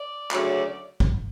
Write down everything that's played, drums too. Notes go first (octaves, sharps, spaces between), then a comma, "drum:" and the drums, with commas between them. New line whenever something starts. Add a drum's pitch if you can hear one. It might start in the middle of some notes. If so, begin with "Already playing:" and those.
Already playing: D5
D2 C#3 F#3 A3, drum: clap
drum: kick